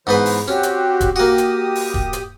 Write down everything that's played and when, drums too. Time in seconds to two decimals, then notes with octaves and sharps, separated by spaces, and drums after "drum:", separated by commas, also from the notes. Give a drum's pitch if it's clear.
0.07 G#2 E3 B3 B4 C5
0.26 drum: open hi-hat
0.48 C4 C#4 F#4 G4
0.63 drum: hi-hat
1.01 drum: kick, hi-hat
1.16 A#3 F#4 G4 D#6
1.38 drum: hi-hat
1.75 drum: open hi-hat
1.94 drum: kick
2.13 drum: hi-hat